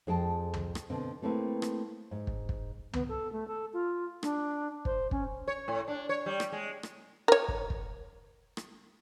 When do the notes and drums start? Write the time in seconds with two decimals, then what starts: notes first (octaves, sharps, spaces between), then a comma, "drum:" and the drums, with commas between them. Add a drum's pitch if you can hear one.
0.07 F2 G#4 G5 A5
0.54 drum: tom
0.75 drum: rim click
0.90 B2 D3 C4
1.22 A3 A#3 C4 E4 B4
1.62 drum: rim click
2.11 G#2
2.27 drum: kick
2.49 drum: kick
2.93 B3, drum: tom
3.08 A4
3.32 A3
3.48 A4
3.73 F4
4.23 D4, drum: rim click
4.85 C5, drum: kick
5.11 C#4, drum: kick
5.48 C#5
5.68 A2
5.88 D4
6.09 C#5
6.26 G3
6.40 drum: rim click
6.52 G#3
6.83 drum: rim click
7.28 A#4 C#5
7.48 drum: kick
7.70 drum: kick
8.57 drum: rim click